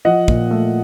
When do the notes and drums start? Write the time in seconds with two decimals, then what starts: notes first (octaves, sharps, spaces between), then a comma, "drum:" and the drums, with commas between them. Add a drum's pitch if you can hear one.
0.05 F3 D#5 F#5
0.28 A#2, drum: kick
0.51 A3